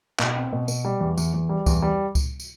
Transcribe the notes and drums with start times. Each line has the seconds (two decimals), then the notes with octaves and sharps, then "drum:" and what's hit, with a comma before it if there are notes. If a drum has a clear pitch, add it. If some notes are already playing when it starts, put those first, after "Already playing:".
0.19 B2, drum: clap
0.35 C4
0.53 B2
0.68 B2, drum: tambourine
0.85 G3
1.01 E2
1.18 E2, drum: tambourine
1.34 E2
1.49 G3
1.66 E2, drum: kick C#2, tambourine
1.82 G3
2.15 drum: kick C#2, tambourine
2.40 drum: tambourine